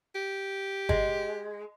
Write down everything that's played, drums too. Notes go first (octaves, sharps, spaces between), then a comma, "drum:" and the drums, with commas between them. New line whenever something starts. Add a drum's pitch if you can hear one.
G4
G#3, drum: kick G1